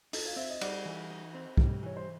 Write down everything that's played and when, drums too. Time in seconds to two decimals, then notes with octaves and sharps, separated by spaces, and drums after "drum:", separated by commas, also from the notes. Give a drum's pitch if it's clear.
0.13 D#4 A4, drum: open hi-hat
0.25 F5
0.36 C4 E5
0.50 D#5
0.61 G3 D5, drum: cymbal
0.85 E3
1.10 D#4
1.34 C4
1.57 G3, drum: kick
1.83 E3 C#5
1.97 C5